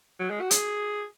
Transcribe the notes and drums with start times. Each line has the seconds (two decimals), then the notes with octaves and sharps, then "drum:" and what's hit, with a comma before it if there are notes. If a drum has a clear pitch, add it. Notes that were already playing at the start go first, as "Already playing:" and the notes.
0.20 F#3
0.30 G#3
0.41 F#4
0.51 G#4, drum: hi-hat